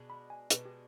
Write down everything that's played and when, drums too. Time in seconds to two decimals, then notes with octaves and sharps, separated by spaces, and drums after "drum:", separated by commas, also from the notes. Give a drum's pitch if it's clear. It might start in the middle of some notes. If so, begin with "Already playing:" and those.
Already playing: B2 G#3 D4
0.10 B5
0.30 G#5
0.50 B2 G#3 D4 B4, drum: hi-hat
0.65 G4